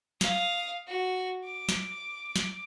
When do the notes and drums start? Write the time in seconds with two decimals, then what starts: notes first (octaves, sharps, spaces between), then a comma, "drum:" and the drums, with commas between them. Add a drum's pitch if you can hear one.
0.21 F5 D#6, drum: snare
0.87 F#4
1.45 D6
1.69 drum: snare
2.36 drum: snare